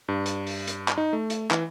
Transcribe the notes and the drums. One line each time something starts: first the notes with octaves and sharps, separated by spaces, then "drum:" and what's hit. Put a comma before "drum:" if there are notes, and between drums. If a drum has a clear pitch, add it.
G2
drum: hi-hat
drum: open hi-hat
drum: hi-hat
drum: clap
D#4
A3
drum: hi-hat
E3, drum: clap